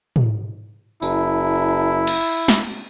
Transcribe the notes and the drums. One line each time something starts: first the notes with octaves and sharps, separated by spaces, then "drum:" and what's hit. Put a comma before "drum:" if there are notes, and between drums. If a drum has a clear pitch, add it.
drum: tom
F#1 E4, drum: tambourine
drum: cymbal
drum: snare